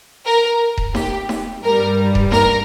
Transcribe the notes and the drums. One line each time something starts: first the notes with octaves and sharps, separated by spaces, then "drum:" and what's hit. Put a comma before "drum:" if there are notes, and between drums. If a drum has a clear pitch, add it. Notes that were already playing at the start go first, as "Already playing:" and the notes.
A#4
drum: kick D#1
G4, drum: snare D#4
drum: snare D#4
G2 G3 A#4
drum: kick D#1
A#4, drum: snare D#4